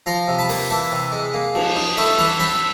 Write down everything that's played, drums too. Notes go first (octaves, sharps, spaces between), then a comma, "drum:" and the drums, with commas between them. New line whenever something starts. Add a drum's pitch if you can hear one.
F3 A#5 C6
C3
A5 B5
A#3, drum: open hi-hat
E3 A5 B5
C3
G#3
A#3
F3, drum: cymbal
D#4
A3 A5 B5
E3 A5 B5
C4 A5 B5